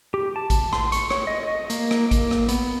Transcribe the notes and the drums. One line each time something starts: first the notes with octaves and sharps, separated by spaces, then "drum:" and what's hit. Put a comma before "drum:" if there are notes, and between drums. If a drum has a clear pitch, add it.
G4
A5
drum: kick A1, hi-hat
C6, drum: rim click
C#6, drum: hi-hat
C#5, drum: rim click
D#5
D#5
A#3, drum: hi-hat
drum: rim click
A#3, drum: kick A1, hi-hat
drum: rim click
B3, drum: hi-hat